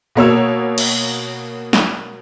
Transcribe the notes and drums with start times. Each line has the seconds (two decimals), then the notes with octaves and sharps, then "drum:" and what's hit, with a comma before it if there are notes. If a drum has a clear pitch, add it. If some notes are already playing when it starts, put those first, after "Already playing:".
0.15 B2 A#3 C#5 E6
0.78 drum: cymbal
1.73 drum: snare